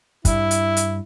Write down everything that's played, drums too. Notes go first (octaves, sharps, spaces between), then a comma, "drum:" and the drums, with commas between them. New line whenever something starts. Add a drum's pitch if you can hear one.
G2 E4, drum: kick, hi-hat
drum: hi-hat
drum: hi-hat